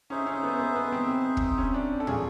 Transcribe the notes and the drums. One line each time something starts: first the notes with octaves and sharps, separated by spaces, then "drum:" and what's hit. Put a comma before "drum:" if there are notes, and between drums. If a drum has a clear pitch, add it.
C#4 D#4 G#4 C5 E5
C#4
B3
B3
B3
C4
drum: kick
C#4
D4
A4
F4 G#4 A#4 C#5, drum: tom